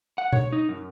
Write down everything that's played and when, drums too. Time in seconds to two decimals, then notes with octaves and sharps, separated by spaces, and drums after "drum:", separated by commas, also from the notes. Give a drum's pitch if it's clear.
0.18 F#5
0.33 C#5, drum: tom B2
0.53 D#4
0.69 F#2